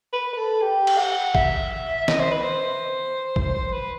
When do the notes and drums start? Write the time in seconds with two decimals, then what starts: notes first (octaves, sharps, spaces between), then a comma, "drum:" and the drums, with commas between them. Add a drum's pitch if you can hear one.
0.13 B4
0.33 B4
0.37 A4
0.61 G4
0.87 drum: cymbal
0.98 F#5
1.35 E5, drum: kick
2.08 D#5, drum: snare
2.19 C5
2.31 B4
2.42 C5
3.36 drum: kick
3.54 C5
3.73 B4